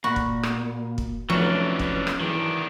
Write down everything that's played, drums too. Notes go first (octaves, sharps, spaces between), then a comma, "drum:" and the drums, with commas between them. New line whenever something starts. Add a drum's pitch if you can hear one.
A#2 F#4 B5
drum: kick
drum: rim click
drum: kick
F1 F2 E3 F#3 C#4 D4
drum: kick
drum: rim click
D#3 E3 D4 G#4